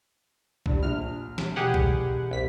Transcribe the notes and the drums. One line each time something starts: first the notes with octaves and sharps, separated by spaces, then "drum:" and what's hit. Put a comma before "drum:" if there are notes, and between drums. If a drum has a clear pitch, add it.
G2 G3, drum: kick B1
A#1 F6
drum: snare
E1 G4 G#4 F#5
drum: kick B1
C2 B6